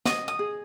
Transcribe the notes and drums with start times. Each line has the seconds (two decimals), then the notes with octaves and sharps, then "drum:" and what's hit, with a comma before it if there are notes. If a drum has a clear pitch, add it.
0.05 D#5 D#6, drum: snare
0.28 D#6
0.39 G#4